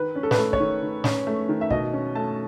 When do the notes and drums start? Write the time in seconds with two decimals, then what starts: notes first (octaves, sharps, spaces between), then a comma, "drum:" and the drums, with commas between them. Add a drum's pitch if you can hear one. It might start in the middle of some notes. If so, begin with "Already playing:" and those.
Already playing: D#3 B4
0.16 C#4
0.23 A4
0.31 B4, drum: snare
0.38 A3 A4
0.53 C#5, drum: kick
0.60 D#3
0.82 D#3
1.04 C#4, drum: snare
1.27 A3
1.49 D#3
1.61 E5
1.70 B2 D#5, drum: kick
1.93 C#4
2.15 A3 A5